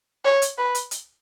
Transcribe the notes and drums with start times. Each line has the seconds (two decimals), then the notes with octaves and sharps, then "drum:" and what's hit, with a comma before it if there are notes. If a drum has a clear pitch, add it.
0.25 C#5
0.42 drum: hi-hat
0.58 B4
0.75 drum: hi-hat
0.91 drum: hi-hat